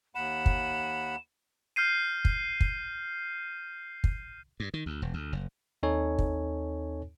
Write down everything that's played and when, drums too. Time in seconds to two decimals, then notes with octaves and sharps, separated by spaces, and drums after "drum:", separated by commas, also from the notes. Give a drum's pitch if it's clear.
0.15 D#2 F#5 B5 E7
0.46 drum: kick
1.76 F6 G6 C7 D#7
2.25 drum: kick
2.60 drum: kick
4.04 drum: kick
4.60 G2
4.74 D#3
4.86 D2
5.02 E1
5.14 D2
5.33 F#1
5.83 D#2 C4 D#4 A4 C#5 G#5
6.18 drum: kick